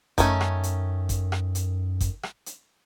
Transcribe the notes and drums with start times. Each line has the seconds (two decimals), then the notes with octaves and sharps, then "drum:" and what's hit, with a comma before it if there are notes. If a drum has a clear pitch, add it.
0.18 F#2 D#3 A3 C#4, drum: kick G1, hi-hat
0.41 drum: rim click
0.63 drum: hi-hat
1.09 drum: kick G1, hi-hat
1.32 drum: rim click
1.55 drum: hi-hat
2.01 drum: kick G1, hi-hat
2.23 drum: rim click
2.46 drum: hi-hat